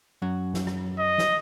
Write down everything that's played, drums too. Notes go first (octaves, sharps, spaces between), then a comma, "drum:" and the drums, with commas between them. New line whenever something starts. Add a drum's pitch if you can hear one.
F#2 F#3 F#4
drum: snare
drum: rim click
D#5
drum: snare